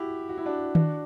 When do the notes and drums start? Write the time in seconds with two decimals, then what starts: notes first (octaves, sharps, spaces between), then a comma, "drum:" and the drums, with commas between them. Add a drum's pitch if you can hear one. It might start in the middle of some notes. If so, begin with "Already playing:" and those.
Already playing: E4 F#4 G4
0.29 F#4
0.38 E4
0.46 D4 F#4
0.75 D4 F#4, drum: tom D#3